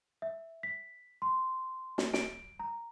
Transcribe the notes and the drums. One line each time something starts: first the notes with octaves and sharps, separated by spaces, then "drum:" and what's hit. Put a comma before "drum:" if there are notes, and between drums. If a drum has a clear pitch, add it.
E5
B6
C6
drum: snare
D7, drum: snare
A#5